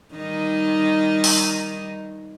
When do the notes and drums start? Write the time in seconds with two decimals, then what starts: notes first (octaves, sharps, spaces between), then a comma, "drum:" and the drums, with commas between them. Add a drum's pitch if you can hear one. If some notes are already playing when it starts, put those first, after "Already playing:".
0.15 D#3 G3 D#4
1.24 drum: open hi-hat